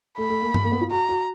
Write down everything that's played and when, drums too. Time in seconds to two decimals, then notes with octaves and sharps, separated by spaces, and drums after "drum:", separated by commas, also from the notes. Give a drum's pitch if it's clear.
0.18 A3 B5
0.30 A3
0.42 A#3
0.54 drum: tom G2
0.64 A#3
0.72 B3
0.81 F4
0.91 F#4 A#5
1.09 F#4